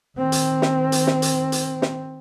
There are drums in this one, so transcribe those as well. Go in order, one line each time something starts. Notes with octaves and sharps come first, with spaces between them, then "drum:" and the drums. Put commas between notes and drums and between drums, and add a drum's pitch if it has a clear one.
D#3 C4
drum: hi-hat
drum: snare
drum: hi-hat
drum: snare
drum: hi-hat
drum: hi-hat
drum: snare